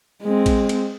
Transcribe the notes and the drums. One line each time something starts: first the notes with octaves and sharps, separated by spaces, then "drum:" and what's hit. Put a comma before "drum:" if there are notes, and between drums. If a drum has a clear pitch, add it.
G#3 C4
drum: kick, cymbal
drum: cymbal